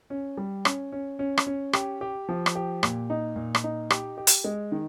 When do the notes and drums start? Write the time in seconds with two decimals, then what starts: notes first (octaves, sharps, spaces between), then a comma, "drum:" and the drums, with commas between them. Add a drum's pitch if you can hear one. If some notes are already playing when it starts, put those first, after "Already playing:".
0.10 C#4
0.37 G3
0.65 C#4, drum: rim click
0.92 C#4
1.19 C#4
1.38 drum: rim click
1.47 C#4
1.73 G4, drum: rim click
2.01 G4
2.29 F3
2.46 drum: rim click
2.55 G4
2.83 A#2, drum: rim click
3.10 D#4
3.36 A#2
3.55 drum: rim click
3.64 D#4
3.90 G4, drum: rim click
4.18 G4
4.27 drum: hi-hat
4.44 G#3
4.72 D#3